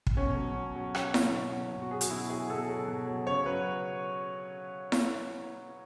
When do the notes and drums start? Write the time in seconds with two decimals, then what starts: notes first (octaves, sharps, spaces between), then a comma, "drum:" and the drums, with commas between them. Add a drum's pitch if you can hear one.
0.07 drum: kick
0.17 B2 C#4
0.36 F#3
0.56 B2
0.76 F#3
0.95 B2 C#4, drum: rim click
1.14 F#3, drum: snare E4
1.33 B2
1.52 F#3
1.72 B2
1.82 F#4
1.91 F#3 G#4
2.01 F#4, drum: hi-hat
2.10 B2 E4
2.30 F#3 G#4
2.50 B2 A4
2.69 F#3
2.88 B2
3.07 F#3
3.27 C#3 C#5
3.46 F#3 B4
4.92 drum: snare E4